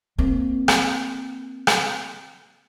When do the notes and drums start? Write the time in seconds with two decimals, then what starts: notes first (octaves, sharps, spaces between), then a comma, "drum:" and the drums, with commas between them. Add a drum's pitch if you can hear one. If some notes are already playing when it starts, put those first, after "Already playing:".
0.18 A#3 C4
0.68 drum: rim click
1.67 drum: rim click